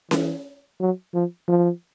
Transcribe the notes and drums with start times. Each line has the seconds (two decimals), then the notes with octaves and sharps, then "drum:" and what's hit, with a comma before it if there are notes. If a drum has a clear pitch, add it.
0.11 E3, drum: snare C#4
0.80 F#3
1.14 F3
1.49 F3